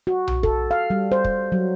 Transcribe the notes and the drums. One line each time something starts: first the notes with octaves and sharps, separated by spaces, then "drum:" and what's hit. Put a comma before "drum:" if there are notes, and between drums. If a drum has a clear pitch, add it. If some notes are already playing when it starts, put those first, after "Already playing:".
F#4
drum: tom B1
A4, drum: kick
F5
G3
C5
drum: kick
F#3